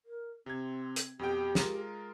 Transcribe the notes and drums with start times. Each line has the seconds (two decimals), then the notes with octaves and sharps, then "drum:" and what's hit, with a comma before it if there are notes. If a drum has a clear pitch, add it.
0.05 A#4
0.46 C3 C4 G#6
0.96 drum: hi-hat
1.19 F2 B2 G4 G5
1.55 G#3 F4 A#4, drum: snare